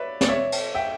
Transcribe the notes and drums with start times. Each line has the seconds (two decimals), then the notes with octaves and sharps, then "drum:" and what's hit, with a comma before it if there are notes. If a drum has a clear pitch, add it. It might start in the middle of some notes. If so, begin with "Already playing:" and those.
Already playing: B4 C#5 D5 E5
0.21 D5, drum: snare
0.28 C#5 E5
0.52 drum: cymbal
0.75 E5 G5